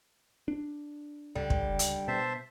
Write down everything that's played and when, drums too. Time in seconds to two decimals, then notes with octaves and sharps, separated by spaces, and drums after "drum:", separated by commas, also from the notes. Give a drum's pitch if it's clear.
0.48 D4
1.35 C#2 D3 G3
1.50 drum: kick
1.79 drum: hi-hat
2.08 B2 C5 E5 A5